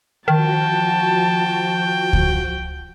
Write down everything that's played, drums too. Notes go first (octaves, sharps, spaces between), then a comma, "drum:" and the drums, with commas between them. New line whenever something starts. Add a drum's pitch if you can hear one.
D#3 F3 F#4 G5 A5
drum: kick C#2